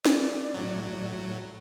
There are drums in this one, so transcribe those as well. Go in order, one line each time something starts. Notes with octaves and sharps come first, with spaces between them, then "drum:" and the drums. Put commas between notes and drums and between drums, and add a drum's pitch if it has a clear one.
D5, drum: snare
A2 F#3